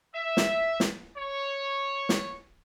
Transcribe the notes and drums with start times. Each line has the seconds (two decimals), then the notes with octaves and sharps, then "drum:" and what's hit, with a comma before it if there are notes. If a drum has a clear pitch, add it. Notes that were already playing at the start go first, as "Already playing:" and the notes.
0.15 E5
0.37 drum: snare
0.80 drum: snare
1.18 C#5
2.09 drum: snare